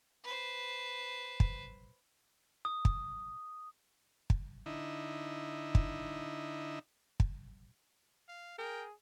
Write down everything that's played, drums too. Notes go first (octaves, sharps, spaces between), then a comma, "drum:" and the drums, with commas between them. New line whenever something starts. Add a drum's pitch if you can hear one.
B4 C5
drum: kick
D#6
drum: kick
drum: kick
D3 D#4 E4
drum: kick
drum: kick
F5
G#4 A#4 G5